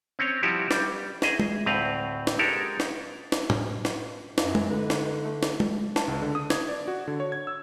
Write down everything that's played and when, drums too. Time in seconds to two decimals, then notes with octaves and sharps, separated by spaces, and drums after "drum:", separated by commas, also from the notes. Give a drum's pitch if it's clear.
0.19 C4 C#4 C#5
0.43 F3 G3 E4 F#4 G4
0.71 G3, drum: snare
1.22 G#4 D#5 E5, drum: snare
1.40 drum: tom G#3
1.66 D2 A2 C4 B4 F5
2.27 drum: snare
2.39 G#3 G4 A4 A#4
2.80 drum: snare
3.32 drum: snare
3.50 drum: tom A2
3.85 drum: snare
4.38 F#2 D#4 F4, drum: snare
4.55 drum: tom G#3
4.70 D3 B4
4.90 drum: snare
5.24 A3
5.43 drum: snare
5.60 drum: tom G#3
5.96 A5, drum: snare
6.08 C#2
6.22 D3
6.35 D#6
6.50 G#6, drum: snare
6.68 D5
6.88 F#4
7.08 D3
7.20 C#5
7.32 G#6
7.47 E6